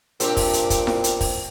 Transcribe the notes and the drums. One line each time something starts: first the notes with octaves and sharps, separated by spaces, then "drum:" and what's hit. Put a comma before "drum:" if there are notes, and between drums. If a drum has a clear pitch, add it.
G2 A#2 C4 G4, drum: hi-hat
drum: kick, open hi-hat
drum: hi-hat
drum: kick, hi-hat
drum: snare E4
drum: hi-hat
drum: kick, open hi-hat